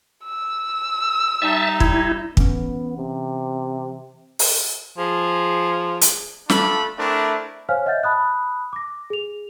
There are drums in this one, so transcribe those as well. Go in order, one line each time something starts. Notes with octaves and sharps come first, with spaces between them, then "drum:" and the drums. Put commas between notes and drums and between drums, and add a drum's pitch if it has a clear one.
E6
G3 D#4 E5 A5
E4, drum: kick
E3 B3 C#4, drum: kick
C3
drum: open hi-hat
F3 G#4
drum: hi-hat
A3 D4 F4 A4 B5, drum: snare
A3 C4 D4 E4 A#4
C5 C#5 F5 G#5 F6
D#5 E5 F#5 G6 A6
A5 B5 D#6 F#6
D6 A#6
G#4 F7